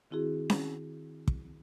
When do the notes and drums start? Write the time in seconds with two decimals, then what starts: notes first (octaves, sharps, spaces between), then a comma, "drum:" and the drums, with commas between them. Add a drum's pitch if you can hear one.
0.11 D#3 C4 E4 F#4 G#4
0.50 drum: snare C#4
1.28 drum: kick